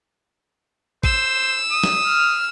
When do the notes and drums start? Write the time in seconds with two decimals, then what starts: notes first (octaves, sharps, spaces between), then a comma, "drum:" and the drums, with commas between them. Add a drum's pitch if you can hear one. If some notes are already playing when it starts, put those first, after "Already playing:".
1.03 C5 E6, drum: kick A1
1.71 D#6
1.84 drum: snare
2.04 F6